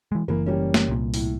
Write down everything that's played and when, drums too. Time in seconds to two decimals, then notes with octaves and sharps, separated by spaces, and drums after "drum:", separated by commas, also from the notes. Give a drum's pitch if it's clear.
0.12 E3 G#3
0.28 F#1 E3 A#3
0.46 G3 A#3 C#4
0.74 drum: snare
0.89 C2 A#2
1.14 A2, drum: open hi-hat